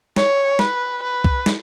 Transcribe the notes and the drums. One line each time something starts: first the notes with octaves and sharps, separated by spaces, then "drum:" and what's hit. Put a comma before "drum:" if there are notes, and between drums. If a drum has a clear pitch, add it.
C#5, drum: snare
B4, drum: snare
B4
drum: kick C2
drum: snare